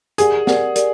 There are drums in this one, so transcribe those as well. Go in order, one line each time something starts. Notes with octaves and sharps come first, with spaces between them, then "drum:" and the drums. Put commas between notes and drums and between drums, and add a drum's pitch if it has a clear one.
G4 G#4 A#4 D5 F#5, drum: hi-hat
G4 A#4 D5 F#5, drum: snare
G4 A#4 D5 F#5, drum: hi-hat